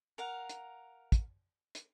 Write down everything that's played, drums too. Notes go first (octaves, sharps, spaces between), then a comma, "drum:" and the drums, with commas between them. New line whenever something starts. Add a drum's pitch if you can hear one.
A#4 F5 F#5
drum: hi-hat
drum: kick, hi-hat
drum: hi-hat